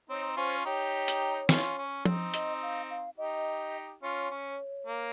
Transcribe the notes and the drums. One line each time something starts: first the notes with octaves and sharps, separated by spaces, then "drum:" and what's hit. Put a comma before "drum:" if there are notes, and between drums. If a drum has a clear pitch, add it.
C4 D#4 C#5
C#4 F4 C5
D#4 G4 C#5
drum: hi-hat
C#4 F4, drum: snare
C#4
C4 D#4, drum: tom
D#5, drum: hi-hat
F5
F5
D#4 G4 D#5
C#4 F4 C#5
C#4
A#3